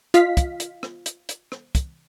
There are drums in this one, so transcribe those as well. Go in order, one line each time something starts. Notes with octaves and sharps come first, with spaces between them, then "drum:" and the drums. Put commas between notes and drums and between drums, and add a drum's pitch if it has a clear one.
F4 D#5 F5 B6, drum: hi-hat
drum: kick, hi-hat
drum: hi-hat
drum: rim click
drum: hi-hat
drum: hi-hat
drum: rim click
drum: kick, hi-hat